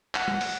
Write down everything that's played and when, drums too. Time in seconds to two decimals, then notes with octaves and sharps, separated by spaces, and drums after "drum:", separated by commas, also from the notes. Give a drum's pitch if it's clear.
0.15 F#5, drum: clap
0.28 drum: tom
0.41 drum: open hi-hat